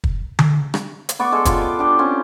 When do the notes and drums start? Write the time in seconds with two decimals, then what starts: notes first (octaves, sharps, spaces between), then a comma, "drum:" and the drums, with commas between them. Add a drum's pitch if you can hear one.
0.04 drum: kick
0.39 drum: tom D3
0.74 drum: rim click
1.09 drum: hi-hat
1.19 B3 D5 C#6
1.32 G#3 A4
1.45 F4 G4 C#5 D#5, drum: kick, hi-hat
1.62 D6
1.79 D4 G4 D5
1.99 C4 C#4 G4